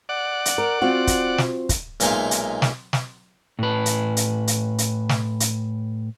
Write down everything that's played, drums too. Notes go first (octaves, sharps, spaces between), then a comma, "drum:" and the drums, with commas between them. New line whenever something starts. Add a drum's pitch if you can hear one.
D5 F#5
drum: hi-hat
A#4
C4 F4 F#4
drum: kick, hi-hat
drum: snare
drum: kick, hi-hat
B1 A#2 G#3 D#4 E5 F5, drum: hi-hat
drum: hi-hat
drum: snare
drum: snare
A2 B4
drum: hi-hat
drum: hi-hat
drum: hi-hat
drum: hi-hat
drum: snare
drum: hi-hat